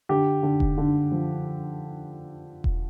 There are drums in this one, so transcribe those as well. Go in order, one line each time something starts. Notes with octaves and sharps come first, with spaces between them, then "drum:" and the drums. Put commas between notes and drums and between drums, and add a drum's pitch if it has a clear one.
D3 G4
D3
drum: kick E1
D3
F3
drum: kick E1